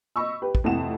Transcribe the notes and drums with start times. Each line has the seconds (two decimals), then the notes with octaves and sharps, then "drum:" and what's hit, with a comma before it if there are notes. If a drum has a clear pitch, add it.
0.16 D#5 B5 C#6 E6
0.42 G4 B4
0.55 drum: kick
0.64 F2 A2 C3 E3 F#5 E7